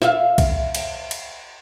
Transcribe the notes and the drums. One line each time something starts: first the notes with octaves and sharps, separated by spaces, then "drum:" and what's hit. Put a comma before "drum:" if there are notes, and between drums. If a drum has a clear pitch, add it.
E5 F5, drum: snare
drum: kick B1, cymbal
drum: cymbal
drum: cymbal